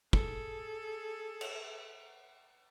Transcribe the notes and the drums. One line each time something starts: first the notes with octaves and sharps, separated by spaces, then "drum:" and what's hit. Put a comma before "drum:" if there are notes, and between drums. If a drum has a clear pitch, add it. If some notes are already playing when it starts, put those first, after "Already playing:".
G#4 A4, drum: kick
drum: cymbal